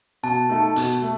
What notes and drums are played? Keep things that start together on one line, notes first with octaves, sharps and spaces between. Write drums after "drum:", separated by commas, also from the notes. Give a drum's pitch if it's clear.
B2 A5
A3 D#4 A4
B2, drum: hi-hat
A3